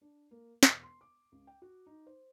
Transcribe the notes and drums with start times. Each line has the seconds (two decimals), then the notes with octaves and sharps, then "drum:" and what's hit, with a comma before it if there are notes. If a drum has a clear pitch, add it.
0.01 D4
0.31 A#3
0.63 E1, drum: snare
0.83 C6
1.01 D6
1.32 C#2
1.47 G5
1.62 F#4
1.86 D#4
2.07 C5